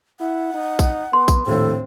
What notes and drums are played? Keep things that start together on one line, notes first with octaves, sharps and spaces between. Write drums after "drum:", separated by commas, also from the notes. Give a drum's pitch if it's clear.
E4 F#5
D#4
drum: kick A#1, tambourine
B3 C6
drum: kick A#1, tambourine
A#1 D#2 A2 C4 A4